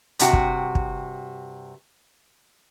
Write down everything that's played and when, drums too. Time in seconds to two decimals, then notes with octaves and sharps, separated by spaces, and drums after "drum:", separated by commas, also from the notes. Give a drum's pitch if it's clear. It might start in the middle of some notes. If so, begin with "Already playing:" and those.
0.19 G2 C3 F#4 G5, drum: hi-hat
0.33 drum: kick
0.75 drum: kick